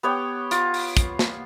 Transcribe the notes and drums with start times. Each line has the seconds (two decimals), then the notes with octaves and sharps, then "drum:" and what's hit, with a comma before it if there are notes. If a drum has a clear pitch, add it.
0.03 B3 G4 C#5 G5
0.51 F4, drum: hi-hat
0.74 drum: open hi-hat
0.97 drum: kick, hi-hat
1.19 drum: snare